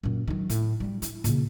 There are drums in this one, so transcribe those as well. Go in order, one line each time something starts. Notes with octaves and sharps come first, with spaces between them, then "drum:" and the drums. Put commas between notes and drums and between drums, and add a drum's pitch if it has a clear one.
F#2 A#2
D#3 F#3
A2, drum: hi-hat
F#3 G3
E4, drum: hi-hat
A#2 C#3, drum: hi-hat